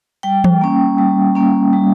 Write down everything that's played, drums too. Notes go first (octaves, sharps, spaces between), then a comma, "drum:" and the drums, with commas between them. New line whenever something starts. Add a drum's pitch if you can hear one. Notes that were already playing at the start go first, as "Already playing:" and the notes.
G3 G5
drum: tom E3
A#3 C#4
G3
A#3 C#4
G3